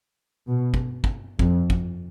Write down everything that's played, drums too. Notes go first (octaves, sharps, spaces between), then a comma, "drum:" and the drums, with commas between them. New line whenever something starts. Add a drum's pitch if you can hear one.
B2
drum: kick
drum: kick
F2, drum: kick
drum: kick